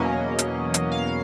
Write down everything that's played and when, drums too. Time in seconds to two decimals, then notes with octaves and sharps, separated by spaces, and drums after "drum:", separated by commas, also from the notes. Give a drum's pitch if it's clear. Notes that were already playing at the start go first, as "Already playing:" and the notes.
Already playing: E2 B2 F#3 A#3 C#4 D#5
0.39 drum: hi-hat
0.74 drum: hi-hat
0.92 F5